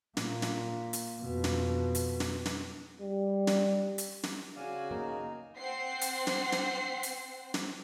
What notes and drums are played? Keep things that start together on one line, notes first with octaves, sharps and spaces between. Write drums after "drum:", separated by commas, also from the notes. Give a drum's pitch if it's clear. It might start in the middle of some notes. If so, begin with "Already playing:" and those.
A#2 A#3, drum: snare
drum: snare
drum: hi-hat
F2 B2
drum: snare
drum: hi-hat
drum: snare
drum: snare
G3
drum: snare
drum: hi-hat
drum: snare
C#3 F#4 D5 F5 G#5
A#3 D#4
C4 C5 F#5 C7
drum: hi-hat
drum: snare
drum: snare
drum: hi-hat
drum: snare